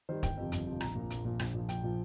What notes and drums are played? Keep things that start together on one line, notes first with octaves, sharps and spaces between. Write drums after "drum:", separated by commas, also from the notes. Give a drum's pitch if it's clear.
D#3 G3 C5
G1 G5, drum: kick, hi-hat
F2 C3 F3
G1, drum: hi-hat
F2 C3 F3
A#1 A#5, drum: rim click
A#2 F3
A#1, drum: hi-hat
A#2 F3
A#1, drum: rim click
A#2 F3
A#1 G5, drum: hi-hat
A#2 F3